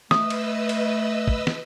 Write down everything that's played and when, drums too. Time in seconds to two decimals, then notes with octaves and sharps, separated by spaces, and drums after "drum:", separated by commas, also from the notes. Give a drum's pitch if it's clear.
0.11 A3 B4 D#5 D#6 E6, drum: snare
0.30 drum: cymbal
0.69 drum: cymbal
1.28 drum: kick
1.47 drum: snare